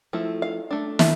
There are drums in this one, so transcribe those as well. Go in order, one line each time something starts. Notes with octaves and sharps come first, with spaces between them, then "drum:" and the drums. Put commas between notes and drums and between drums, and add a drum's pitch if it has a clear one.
F3 A3 E4
F5
A3 D4
E5, drum: snare